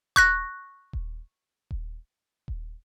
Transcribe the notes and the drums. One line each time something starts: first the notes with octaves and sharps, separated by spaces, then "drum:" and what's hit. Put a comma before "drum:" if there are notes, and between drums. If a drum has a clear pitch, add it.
C#6 F#6 A#6, drum: kick D#1
drum: kick D#1
drum: kick D#1
drum: kick D#1